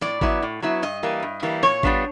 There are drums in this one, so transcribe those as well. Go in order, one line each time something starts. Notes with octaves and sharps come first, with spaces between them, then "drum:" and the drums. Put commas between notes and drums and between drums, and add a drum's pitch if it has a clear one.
A2 D5, drum: snare
F#3 B3 E4, drum: kick G#1
A2
F#3 B3 E4
G2 D#5
E3 G3 A#3
G2
E3 G3 A#3
A#2 C#5, drum: snare
G3 B3 D4 F4, drum: kick G#1